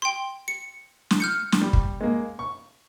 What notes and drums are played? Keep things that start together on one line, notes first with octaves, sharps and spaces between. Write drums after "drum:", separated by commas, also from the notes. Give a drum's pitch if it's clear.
G5 C6
C#7
drum: snare
F6 G6 C#7
drum: snare
G3
drum: kick
G#3 A#3
C#6